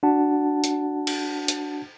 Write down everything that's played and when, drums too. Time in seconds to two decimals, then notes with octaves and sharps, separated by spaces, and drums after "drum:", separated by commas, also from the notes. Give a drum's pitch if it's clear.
0.03 D4 F#4 F#5 A5
0.64 drum: hi-hat
1.07 drum: cymbal
1.48 drum: hi-hat